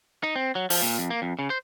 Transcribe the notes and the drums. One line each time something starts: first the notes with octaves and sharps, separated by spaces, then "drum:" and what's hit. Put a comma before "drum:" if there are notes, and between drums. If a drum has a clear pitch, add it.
D#4
C4
F#3
F3, drum: open hi-hat
A#2
F2
A#3
F2
C#3
C5